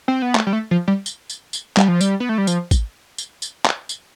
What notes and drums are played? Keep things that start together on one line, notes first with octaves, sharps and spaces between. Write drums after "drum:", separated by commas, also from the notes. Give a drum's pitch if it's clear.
C4
B3
A3, drum: clap
G3
A3
F3
G3
drum: tambourine
drum: tambourine
drum: tambourine
G3, drum: clap
F3
G3, drum: tambourine
B3
A3
G3
F3, drum: tambourine
drum: kick, tambourine
drum: tambourine
drum: tambourine
drum: clap
drum: tambourine